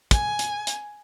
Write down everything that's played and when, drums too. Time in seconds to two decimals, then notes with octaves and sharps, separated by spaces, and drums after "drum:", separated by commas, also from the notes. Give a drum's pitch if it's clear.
0.11 G#5, drum: kick, hi-hat
0.39 drum: hi-hat
0.67 drum: hi-hat